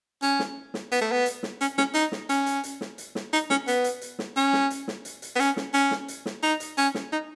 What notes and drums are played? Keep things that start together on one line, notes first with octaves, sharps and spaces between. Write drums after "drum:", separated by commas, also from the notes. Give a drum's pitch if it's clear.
C#4, drum: hi-hat
drum: snare
drum: snare
B3, drum: hi-hat
A3
B3
drum: hi-hat
drum: snare
C#4, drum: hi-hat
C#4, drum: snare
D#4, drum: hi-hat
drum: snare
C#4, drum: hi-hat
drum: hi-hat
drum: hi-hat
drum: snare
drum: hi-hat
drum: snare
D#4, drum: hi-hat
C#4, drum: snare
B3, drum: hi-hat
drum: hi-hat
drum: hi-hat
drum: snare
C#4, drum: hi-hat
drum: snare
drum: hi-hat
drum: snare
drum: hi-hat
drum: hi-hat
B3
C#4, drum: hi-hat
drum: snare
C#4, drum: hi-hat
drum: snare
drum: hi-hat
drum: snare
D#4, drum: hi-hat
drum: hi-hat
C#4, drum: hi-hat
drum: snare
D#4